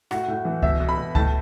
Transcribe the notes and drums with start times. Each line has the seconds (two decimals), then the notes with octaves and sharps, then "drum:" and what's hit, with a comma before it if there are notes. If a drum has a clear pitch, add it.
0.11 A2 F#4, drum: rim click
0.28 A2
0.45 E3
0.62 B2 E5, drum: kick C#2
0.80 B2
0.89 B5
0.98 B2
1.15 A2 A5, drum: kick C#2